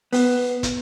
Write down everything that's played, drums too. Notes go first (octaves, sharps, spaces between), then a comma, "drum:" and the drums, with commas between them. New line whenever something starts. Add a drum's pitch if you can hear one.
B3, drum: open hi-hat
drum: kick, hi-hat